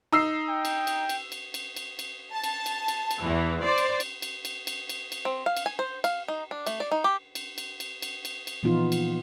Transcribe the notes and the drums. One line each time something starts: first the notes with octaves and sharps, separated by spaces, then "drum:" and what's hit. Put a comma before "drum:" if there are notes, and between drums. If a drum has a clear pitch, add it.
D#4 E6 C7
G5
drum: cymbal
drum: cymbal
drum: cymbal
drum: cymbal
drum: cymbal
drum: cymbal
drum: cymbal
A5
drum: cymbal
drum: cymbal
drum: cymbal
drum: cymbal
E2 E3
C5 D5
drum: cymbal
drum: cymbal
drum: cymbal
drum: cymbal
drum: cymbal
drum: cymbal
drum: cymbal
C4
F5
drum: cymbal
G#5
C5
F5, drum: cymbal
D#4
D4
A3, drum: cymbal
D5
D#4
G4
drum: cymbal
drum: cymbal
drum: cymbal
drum: cymbal
drum: cymbal
drum: cymbal
A#2 E3 F3 B3 D#4 F4
drum: cymbal